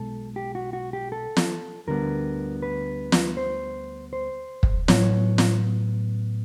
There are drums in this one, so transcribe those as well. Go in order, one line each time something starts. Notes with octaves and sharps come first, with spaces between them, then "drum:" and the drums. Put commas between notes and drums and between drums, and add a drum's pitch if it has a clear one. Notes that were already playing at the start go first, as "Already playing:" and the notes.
Already playing: B1 B2 G#3 A4
G4
F#4
F#4
G4
A4
drum: snare
D2 D3 G3 B3 A#4
B4
drum: snare
C5
C5
drum: kick
A2 F#3 B3 C#5, drum: snare
drum: snare